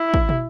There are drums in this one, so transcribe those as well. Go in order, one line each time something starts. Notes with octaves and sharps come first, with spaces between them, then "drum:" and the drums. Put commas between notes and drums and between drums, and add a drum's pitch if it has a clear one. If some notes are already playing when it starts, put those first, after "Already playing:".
Already playing: E4
drum: kick
drum: tom